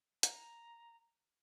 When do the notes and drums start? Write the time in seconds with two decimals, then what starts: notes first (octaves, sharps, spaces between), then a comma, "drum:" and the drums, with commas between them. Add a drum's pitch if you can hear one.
0.23 A#5, drum: hi-hat